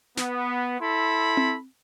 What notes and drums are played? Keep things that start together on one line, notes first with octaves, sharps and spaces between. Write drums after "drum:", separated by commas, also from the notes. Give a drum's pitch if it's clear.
B3, drum: snare
E4 A4 B5 C6
drum: tom C4